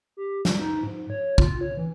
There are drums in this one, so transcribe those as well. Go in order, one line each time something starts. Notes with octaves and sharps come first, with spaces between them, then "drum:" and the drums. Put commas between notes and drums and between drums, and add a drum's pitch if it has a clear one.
G4
G3, drum: snare
D#4
G#2
C#5
F4, drum: kick
C#5
E3